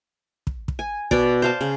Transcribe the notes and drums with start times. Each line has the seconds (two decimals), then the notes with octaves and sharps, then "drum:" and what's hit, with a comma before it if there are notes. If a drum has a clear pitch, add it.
0.47 drum: kick
0.68 drum: kick
0.79 G#5
1.11 B2 D5, drum: kick
1.42 C5 F5 A5
1.61 C#3